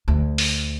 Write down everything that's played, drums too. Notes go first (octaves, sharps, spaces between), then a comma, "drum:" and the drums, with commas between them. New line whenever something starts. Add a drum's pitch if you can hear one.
D2
drum: open hi-hat